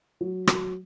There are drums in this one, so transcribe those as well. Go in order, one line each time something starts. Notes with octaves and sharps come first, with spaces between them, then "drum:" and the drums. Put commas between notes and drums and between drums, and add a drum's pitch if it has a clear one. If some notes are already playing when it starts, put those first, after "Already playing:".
F#3
F#3, drum: rim click